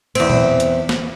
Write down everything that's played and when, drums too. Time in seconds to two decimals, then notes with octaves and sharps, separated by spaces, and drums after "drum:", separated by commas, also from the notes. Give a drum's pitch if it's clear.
0.15 E2 C4, drum: cymbal
0.30 drum: tom A#2
0.60 drum: hi-hat
0.89 drum: snare